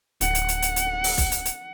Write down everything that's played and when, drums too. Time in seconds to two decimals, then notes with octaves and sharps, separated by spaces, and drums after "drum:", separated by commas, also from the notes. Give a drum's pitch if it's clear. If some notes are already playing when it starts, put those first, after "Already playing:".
0.21 D1 F#5, drum: hi-hat
0.35 drum: hi-hat
0.48 drum: hi-hat
0.62 drum: hi-hat
0.76 drum: hi-hat
1.04 drum: open hi-hat
1.18 drum: kick B1, hi-hat
1.32 drum: hi-hat
1.45 drum: hi-hat